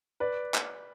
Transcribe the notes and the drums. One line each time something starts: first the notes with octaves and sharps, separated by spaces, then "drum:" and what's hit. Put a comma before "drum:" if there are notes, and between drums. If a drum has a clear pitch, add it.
B4 D5
drum: clap